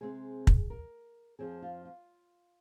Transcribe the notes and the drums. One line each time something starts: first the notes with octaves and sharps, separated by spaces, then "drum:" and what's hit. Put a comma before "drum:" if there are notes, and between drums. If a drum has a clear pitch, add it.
C3 G#3 C4 G#4
drum: kick
A#4
F2 F3 C4 G#4
F4
F4